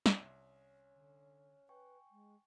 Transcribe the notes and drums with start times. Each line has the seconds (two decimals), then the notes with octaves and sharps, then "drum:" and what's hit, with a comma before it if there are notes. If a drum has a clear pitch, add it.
0.06 drum: snare
0.19 C2 C#4
0.93 D3
1.69 B4 G5 G#5 C#6
2.11 G#3